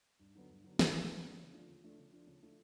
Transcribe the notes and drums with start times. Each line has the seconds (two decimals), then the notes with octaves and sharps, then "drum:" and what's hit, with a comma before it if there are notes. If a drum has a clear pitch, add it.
0.19 G2
0.35 D3 F#3 B3
0.49 G2
0.64 D3 F#3 B3
0.79 G2, drum: snare
0.94 D3 F#3 B3
1.09 G2
1.24 D3 F#3 B3
1.39 C#3
1.53 F3 A3 D4 F4
1.68 C#3
1.83 F3 A3 D4 F4
1.98 C#3
2.12 F3 A3 D4 F4
2.27 C#3
2.42 F3 A3 D4 F4